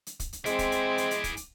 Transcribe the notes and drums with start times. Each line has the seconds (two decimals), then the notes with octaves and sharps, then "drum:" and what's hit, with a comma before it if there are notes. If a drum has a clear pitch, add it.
0.07 drum: hi-hat
0.20 drum: kick, hi-hat
0.33 drum: hi-hat
0.46 G#3 C4 E4 G#4 D6, drum: hi-hat
0.59 drum: kick, hi-hat
0.72 drum: hi-hat
0.98 drum: hi-hat
1.11 drum: hi-hat
1.24 drum: kick, hi-hat
1.37 drum: hi-hat